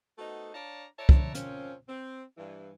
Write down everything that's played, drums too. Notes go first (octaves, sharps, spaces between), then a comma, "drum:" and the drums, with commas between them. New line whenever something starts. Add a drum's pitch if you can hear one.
A3 B3 D#4 F#4 A4 C5
D4 C#5 D5 F5 A5 A#5
B4 C#5 D5 E5 A5 A#5
drum: kick
F3 A#3 C4 C#4, drum: hi-hat
C4
G2 E3